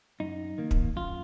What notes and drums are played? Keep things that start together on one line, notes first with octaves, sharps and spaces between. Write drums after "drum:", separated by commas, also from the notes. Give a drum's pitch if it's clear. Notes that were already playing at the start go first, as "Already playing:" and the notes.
F#2 D#4
D#3 A#3
drum: kick
F#2 F4